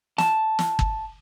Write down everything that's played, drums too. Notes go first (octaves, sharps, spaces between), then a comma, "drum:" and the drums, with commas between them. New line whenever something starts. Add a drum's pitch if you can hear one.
A5, drum: snare
drum: snare
drum: kick G1